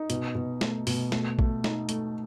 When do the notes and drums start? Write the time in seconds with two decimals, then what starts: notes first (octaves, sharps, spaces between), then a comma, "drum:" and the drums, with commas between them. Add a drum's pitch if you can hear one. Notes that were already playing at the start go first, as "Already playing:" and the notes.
Already playing: D#4
0.10 B2, drum: hi-hat
0.35 B2
0.61 A3, drum: snare
0.87 B2, drum: open hi-hat
1.12 A3, drum: snare
1.39 A3, drum: kick A#1
1.64 D#4, drum: snare
1.89 A3, drum: hi-hat